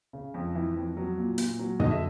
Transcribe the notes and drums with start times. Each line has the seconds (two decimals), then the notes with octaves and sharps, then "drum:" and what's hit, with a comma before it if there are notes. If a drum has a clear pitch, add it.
0.13 C#3
0.34 F2
0.55 E3
0.76 F2
0.97 F#3
1.18 A#2
1.38 A#2, drum: hi-hat
1.59 F#3
1.80 D3 D#5, drum: tom
1.91 E5